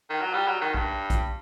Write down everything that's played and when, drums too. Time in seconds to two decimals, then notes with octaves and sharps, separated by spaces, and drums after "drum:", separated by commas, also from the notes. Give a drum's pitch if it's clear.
0.10 D#3
0.21 F#3
0.33 G3
0.48 F#3
0.61 D#3
0.74 G2, drum: kick
1.10 drum: kick, hi-hat